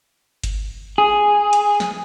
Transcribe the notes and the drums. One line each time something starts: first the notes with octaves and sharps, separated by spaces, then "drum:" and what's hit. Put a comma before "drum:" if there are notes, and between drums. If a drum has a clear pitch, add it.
drum: kick G1, hi-hat
G#4
drum: hi-hat
drum: snare